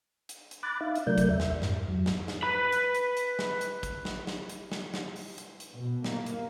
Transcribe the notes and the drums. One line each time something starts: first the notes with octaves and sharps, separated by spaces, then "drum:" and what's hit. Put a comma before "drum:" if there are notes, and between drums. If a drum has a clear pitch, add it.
drum: hi-hat
drum: hi-hat
B5 D6 F#6 A6
D#4 E5 F5
drum: hi-hat
C3 F#3 A3 A#4 D5 G6
drum: kick, hi-hat
E2 E5
drum: snare
F2 G#2, drum: snare
F2 F#3
drum: snare
drum: snare
B4 B5
drum: hi-hat
drum: hi-hat
drum: hi-hat
drum: snare
drum: hi-hat
drum: kick, hi-hat
drum: snare
drum: snare
drum: hi-hat
drum: snare
drum: snare
drum: open hi-hat
drum: hi-hat
drum: hi-hat
B2
A#3, drum: snare
drum: hi-hat